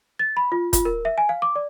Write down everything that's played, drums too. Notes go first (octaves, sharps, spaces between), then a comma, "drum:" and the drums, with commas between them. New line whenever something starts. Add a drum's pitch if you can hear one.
A6
B5
F4
F4, drum: kick, hi-hat
A#4
E5
G#5
F5
D6
D5